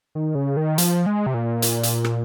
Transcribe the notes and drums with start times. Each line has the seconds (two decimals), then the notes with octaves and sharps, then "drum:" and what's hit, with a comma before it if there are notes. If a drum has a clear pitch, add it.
0.15 D#3
0.35 C#3
0.57 D#3
0.78 F3, drum: hi-hat
1.06 G#3
1.26 C3
1.34 A#2
1.62 drum: hi-hat
1.83 drum: hi-hat
2.04 drum: rim click